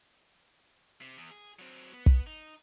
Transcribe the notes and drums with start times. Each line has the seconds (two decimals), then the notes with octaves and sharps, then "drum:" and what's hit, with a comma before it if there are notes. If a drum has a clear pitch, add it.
1.01 C3
1.17 E2
1.31 G#4
1.59 F#3 C4
1.93 B3
2.06 drum: kick
2.27 D#4